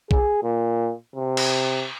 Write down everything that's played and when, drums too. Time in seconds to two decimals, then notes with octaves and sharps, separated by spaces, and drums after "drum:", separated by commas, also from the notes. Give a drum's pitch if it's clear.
0.11 G#4, drum: kick B1
0.43 A#2
1.16 C3
1.37 drum: cymbal